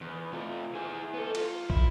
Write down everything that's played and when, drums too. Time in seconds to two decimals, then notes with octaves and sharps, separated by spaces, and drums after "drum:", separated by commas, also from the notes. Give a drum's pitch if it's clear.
0.01 E2
0.32 C3 F4
0.75 E4 G#4
1.14 B3 A4
1.35 F4, drum: cymbal
1.70 E4, drum: kick